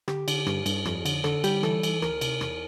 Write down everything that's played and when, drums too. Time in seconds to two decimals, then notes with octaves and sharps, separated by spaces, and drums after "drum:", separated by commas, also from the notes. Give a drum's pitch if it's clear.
0.08 D3 G4, drum: rim click
0.28 D3, drum: cymbal
0.46 G2, drum: rim click
0.66 G2, drum: cymbal
0.85 F2, drum: rim click
1.06 D3, drum: cymbal
1.24 D3 A4, drum: rim click
1.44 G3 G4, drum: cymbal
1.63 E3 A4, drum: rim click
1.83 E3, drum: cymbal
2.02 D2 A#4, drum: rim click
2.21 C3, drum: cymbal
2.41 E2, drum: rim click